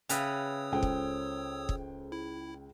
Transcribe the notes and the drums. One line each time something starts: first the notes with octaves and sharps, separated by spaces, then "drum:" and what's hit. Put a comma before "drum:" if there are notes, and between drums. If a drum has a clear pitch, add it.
C#3 B4 C#5 E5 F5 G5 D#6 E6, drum: hi-hat
C#2 A4 C5 G5
drum: kick
drum: kick
E4